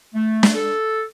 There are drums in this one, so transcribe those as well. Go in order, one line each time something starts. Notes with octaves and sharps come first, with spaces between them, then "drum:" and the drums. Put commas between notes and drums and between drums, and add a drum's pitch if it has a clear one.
A3
drum: snare
A4